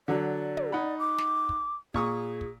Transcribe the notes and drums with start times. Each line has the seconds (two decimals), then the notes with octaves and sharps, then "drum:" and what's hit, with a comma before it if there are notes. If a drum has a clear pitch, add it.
0.08 D3 F#3 D5
0.57 drum: tom
0.72 D#4 F#5 B5
0.99 D6
1.18 drum: snare
1.49 drum: kick
1.94 A#2 G#4 C#6 D#6, drum: kick
2.41 drum: kick